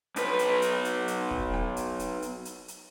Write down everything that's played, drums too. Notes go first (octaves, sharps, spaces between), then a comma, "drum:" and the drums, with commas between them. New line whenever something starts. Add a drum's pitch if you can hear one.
B1 B4, drum: hi-hat
drum: hi-hat
drum: hi-hat
drum: hi-hat
drum: hi-hat
drum: kick
drum: rim click
drum: hi-hat
drum: hi-hat
drum: hi-hat
drum: hi-hat
drum: hi-hat